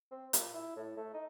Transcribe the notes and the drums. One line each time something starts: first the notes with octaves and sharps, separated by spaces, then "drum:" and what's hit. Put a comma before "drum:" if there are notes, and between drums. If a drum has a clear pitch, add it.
C4
A#2, drum: hi-hat
E4
A2
A3
D#4